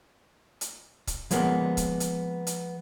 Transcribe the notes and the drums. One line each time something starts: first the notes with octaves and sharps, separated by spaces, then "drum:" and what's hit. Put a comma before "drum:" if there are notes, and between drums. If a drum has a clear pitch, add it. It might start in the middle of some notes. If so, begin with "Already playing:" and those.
drum: hi-hat
drum: kick C#1, hi-hat
F3 G#3 A#3 B3, drum: hi-hat
drum: kick C#1, hi-hat
drum: hi-hat
drum: hi-hat